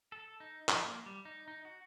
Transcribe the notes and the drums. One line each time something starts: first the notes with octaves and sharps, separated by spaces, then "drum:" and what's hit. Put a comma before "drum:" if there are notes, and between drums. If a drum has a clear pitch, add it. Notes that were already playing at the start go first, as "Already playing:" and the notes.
A4
D#4
F3, drum: clap
A#3
G3
D#4
D#4
F#4